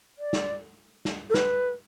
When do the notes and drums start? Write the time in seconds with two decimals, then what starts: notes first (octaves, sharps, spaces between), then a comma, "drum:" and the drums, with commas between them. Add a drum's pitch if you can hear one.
0.19 D5
0.33 drum: snare
1.05 drum: snare
1.30 A4
1.34 B4, drum: snare